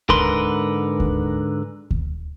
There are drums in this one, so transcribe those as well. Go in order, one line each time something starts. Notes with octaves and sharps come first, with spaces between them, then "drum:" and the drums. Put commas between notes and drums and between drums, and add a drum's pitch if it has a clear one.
G#2 D3 A#4 B4 C6, drum: kick D2
drum: kick D2
drum: kick D2